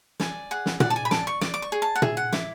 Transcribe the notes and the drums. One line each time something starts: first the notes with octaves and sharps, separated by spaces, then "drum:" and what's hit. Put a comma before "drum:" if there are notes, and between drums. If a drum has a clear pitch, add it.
D5 G#5, drum: snare
G#4 F#5
drum: snare
D5 F#5, drum: tom A#2
A5
G#5
B5
D5 A5, drum: snare
C#6
D5 D6, drum: snare
D6
C#6
G#4
A5
F#5
G#4 E5, drum: tom A#2
F#5
E4 D6, drum: snare